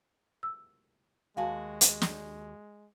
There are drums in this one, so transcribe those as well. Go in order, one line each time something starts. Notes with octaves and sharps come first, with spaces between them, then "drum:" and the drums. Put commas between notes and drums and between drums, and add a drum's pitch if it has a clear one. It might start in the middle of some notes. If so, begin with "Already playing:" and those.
E6
D#2 G#3 F#4 F5 G#5 A5
drum: hi-hat
drum: snare